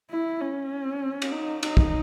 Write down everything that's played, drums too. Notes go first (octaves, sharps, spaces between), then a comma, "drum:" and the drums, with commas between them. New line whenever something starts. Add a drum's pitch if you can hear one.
E4
C#4
drum: cymbal
D#4
D#4, drum: cymbal
drum: kick